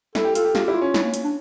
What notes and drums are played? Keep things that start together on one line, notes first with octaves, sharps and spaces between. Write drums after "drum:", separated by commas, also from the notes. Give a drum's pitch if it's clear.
E4 A4, drum: snare
G4
F4 A4, drum: hi-hat
G4
F4 G4, drum: snare
E4 G4
F4
C#4
E4, drum: snare
A#3
drum: hi-hat
D4